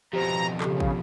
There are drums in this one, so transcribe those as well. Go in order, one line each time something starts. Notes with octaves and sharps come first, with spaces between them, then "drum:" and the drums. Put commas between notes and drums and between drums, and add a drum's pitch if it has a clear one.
F2 B2 G4 C5 A#5
C#3 G4 A4, drum: clap
drum: kick